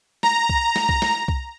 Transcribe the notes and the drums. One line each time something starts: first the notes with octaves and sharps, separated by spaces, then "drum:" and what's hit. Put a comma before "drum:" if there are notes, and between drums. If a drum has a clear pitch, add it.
A#5, drum: snare
drum: kick C2
drum: snare
drum: kick C2
drum: snare
drum: kick C2